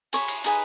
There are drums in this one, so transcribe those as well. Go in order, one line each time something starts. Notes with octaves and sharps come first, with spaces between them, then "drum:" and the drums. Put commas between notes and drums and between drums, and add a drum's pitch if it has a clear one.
G#4 C#5 B5, drum: cymbal
drum: cymbal
D#4 G#4 B4 G#5, drum: cymbal